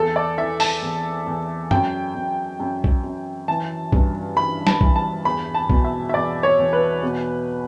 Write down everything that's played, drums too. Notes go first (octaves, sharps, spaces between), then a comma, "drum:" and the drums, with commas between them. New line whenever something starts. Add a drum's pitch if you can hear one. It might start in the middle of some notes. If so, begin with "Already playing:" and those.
Already playing: E2 A4
D5
E3 E5
A5, drum: open hi-hat
E2
E2
F#2 G5, drum: tom F#2
F#2
F#2
drum: kick
F#2
E3 A5
G2, drum: kick
E3 B5
A5, drum: snare
E3, drum: kick
A5
E2 B5
A5
B2, drum: kick
E5
E5
E2 D5
C#5
E2
B4
B2